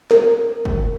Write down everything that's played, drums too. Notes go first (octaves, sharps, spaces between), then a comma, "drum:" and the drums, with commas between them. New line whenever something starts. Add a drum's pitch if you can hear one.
A#4, drum: snare
drum: kick